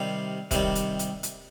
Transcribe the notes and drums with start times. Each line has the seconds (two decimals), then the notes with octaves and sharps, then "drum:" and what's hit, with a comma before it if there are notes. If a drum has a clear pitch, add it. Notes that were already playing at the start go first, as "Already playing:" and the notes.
Already playing: C3 D#3 G3 F5
0.51 C3 D#3 G3, drum: kick, hi-hat
0.75 drum: hi-hat
0.99 drum: hi-hat
1.23 drum: hi-hat